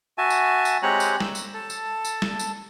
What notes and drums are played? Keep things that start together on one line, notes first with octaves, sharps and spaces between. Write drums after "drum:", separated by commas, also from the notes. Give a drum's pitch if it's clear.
F#4 E5 G#5 A5
drum: tambourine
drum: tambourine
G#3 C4 G4 C#5 A#5 F#6
drum: tambourine
E6, drum: snare
drum: tambourine
A4 A5
drum: tambourine
drum: tambourine
drum: snare
drum: tambourine